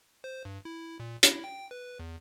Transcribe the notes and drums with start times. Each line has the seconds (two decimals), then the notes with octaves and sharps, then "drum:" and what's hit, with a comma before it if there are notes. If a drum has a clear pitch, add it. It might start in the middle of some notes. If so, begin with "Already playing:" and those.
0.24 C5
0.45 G2
0.65 E4
1.00 A#2
1.23 E4, drum: hi-hat
1.44 G5
1.71 B4
1.99 E2